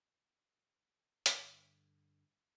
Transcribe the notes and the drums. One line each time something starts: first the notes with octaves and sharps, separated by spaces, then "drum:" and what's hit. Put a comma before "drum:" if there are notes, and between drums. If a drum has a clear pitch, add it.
G2 D3, drum: hi-hat